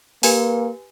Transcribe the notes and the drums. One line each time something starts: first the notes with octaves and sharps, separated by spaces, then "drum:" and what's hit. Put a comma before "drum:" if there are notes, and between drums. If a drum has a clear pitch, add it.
A#3 G4 B4 G#5, drum: open hi-hat